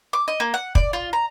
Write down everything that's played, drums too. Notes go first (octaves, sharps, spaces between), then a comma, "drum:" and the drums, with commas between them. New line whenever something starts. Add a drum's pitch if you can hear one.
D6
D#5
A#3
F#5
D5, drum: kick
F4
A#5